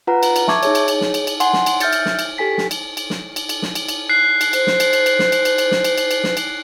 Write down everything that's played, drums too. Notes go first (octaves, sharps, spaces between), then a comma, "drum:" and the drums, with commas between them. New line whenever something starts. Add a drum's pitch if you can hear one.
F4 B4 F#5 A#5
drum: cymbal
drum: cymbal
E5 A5 C#6 D6 G#6, drum: snare
D#4 G#4 C#5, drum: cymbal
drum: cymbal
drum: cymbal
drum: snare
drum: cymbal
drum: cymbal
F#5 G#5 C6, drum: cymbal
drum: snare
drum: cymbal
E5 F6 G6 A6 C#7, drum: cymbal
drum: cymbal
drum: snare
drum: cymbal
G4 A4 G#5 B6
drum: snare
drum: cymbal
drum: cymbal
drum: snare
drum: cymbal
drum: cymbal
drum: snare
drum: cymbal
drum: cymbal
F#6 C7
drum: cymbal
C5, drum: cymbal
drum: snare
drum: cymbal
drum: cymbal
drum: cymbal
drum: snare
drum: cymbal
drum: cymbal
drum: cymbal
drum: snare
drum: cymbal
drum: cymbal
drum: cymbal
drum: snare
drum: cymbal